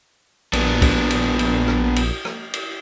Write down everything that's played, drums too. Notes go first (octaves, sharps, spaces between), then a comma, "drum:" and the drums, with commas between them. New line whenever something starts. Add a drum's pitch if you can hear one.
A#1 B3 D4, drum: cymbal
drum: kick, cymbal
drum: cymbal
drum: cymbal
drum: rim click
drum: cymbal
drum: rim click
drum: cymbal